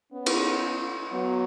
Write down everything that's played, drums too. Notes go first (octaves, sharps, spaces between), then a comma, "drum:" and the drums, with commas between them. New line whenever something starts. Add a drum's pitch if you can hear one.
B3 C#4
drum: cymbal
F#3 B3